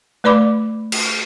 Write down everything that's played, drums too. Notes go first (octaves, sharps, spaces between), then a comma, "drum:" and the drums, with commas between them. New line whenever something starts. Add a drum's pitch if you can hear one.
A3 B4 D5 B5 D6
drum: cymbal